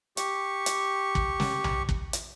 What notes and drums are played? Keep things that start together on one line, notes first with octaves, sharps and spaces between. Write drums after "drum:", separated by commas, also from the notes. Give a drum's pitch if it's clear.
G4 C#6, drum: hi-hat
drum: hi-hat
drum: kick
drum: snare
drum: tom B1
drum: kick
drum: hi-hat